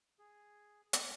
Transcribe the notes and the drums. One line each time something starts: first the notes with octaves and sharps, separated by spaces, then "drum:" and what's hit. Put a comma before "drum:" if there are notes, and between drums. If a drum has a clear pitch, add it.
G#4
drum: hi-hat